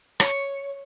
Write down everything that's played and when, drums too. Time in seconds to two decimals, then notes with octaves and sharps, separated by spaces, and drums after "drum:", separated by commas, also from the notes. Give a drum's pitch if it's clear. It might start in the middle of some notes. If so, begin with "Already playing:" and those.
0.20 C#5, drum: rim click